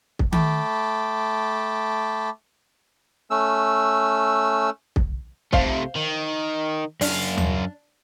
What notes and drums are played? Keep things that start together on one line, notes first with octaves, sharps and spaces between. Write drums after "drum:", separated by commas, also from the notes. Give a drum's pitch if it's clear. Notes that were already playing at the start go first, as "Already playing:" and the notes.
drum: kick
A3 G5 A5 B5 D6, drum: tom D#3
A3 C#4 E6
drum: kick
C3 A3 C5 F5, drum: kick
D#3
F#2 D4 F5, drum: open hi-hat
drum: tom D#2